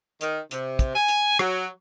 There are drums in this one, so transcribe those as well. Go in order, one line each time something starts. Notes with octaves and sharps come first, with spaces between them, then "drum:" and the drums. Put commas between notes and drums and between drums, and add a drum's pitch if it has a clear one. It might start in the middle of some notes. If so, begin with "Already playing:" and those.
D#3, drum: hi-hat
C3, drum: hi-hat
drum: kick, hi-hat
G#5
drum: hi-hat
F#3, drum: rim click